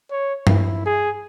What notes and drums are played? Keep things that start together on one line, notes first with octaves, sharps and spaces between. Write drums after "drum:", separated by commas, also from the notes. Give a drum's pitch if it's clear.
C#5
E4, drum: tom G2
G#4